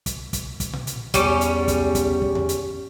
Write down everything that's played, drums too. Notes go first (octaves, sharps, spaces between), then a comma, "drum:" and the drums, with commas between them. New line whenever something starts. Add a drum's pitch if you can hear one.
drum: kick, hi-hat
drum: kick, hi-hat
drum: kick, hi-hat
drum: tom A#2
drum: hi-hat
E2 G3 C#4, drum: kick, hi-hat
drum: hi-hat
drum: kick, hi-hat
drum: kick, hi-hat
drum: kick
drum: tom E2
drum: hi-hat